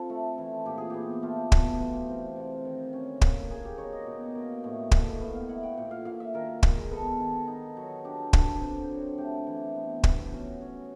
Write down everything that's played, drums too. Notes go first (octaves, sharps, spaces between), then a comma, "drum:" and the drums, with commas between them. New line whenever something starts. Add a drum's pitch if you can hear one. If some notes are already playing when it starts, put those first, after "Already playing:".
Already playing: C4 F4 A4
A3
E3
A#2 G4
G#4
B3 G4
A3 F4
B2, drum: kick
E3
C4
C3
D#3
C#4
A#3, drum: kick
A#3 G#4
G4
D#4 C#5
D#5
B2
A#3
A2
A2, drum: kick
B3 F5
F5
E4 F#5
G5
A#2 F#5
F5
A#2 F5
E5
D#3 A#4
G#3, drum: kick
B3 A4
D#3
D#4
F#3
D4 G4
D3, drum: kick
C4
F#3
A3 G4
E3
B3
B3, drum: kick
C#4 F#4
C#4